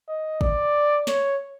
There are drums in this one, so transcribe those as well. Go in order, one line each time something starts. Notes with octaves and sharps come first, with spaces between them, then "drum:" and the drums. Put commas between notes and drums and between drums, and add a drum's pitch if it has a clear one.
D#5
D5, drum: kick
C#5, drum: snare